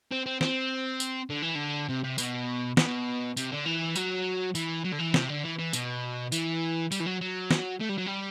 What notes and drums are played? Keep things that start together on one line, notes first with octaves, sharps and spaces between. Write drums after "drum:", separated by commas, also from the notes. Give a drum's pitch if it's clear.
C4
C4
C4, drum: snare
drum: tambourine
D3
E3
D3
C3
C3
B2, drum: tambourine
B2, drum: snare
C3, drum: tambourine
D3
E3
F#3, drum: tambourine
E3, drum: tambourine
F#3
D3
E3
C3, drum: snare
D3
E3
E3
B2, drum: tambourine
E3, drum: tambourine
G3, drum: tambourine
E3
F#3
F#3
drum: snare
A3
G3
F#3
G3